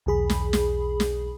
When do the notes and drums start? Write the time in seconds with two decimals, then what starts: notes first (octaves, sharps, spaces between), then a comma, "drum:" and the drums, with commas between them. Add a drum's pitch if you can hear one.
0.06 B1 E2 G#4 B5
0.30 drum: snare
0.53 drum: snare
1.00 drum: snare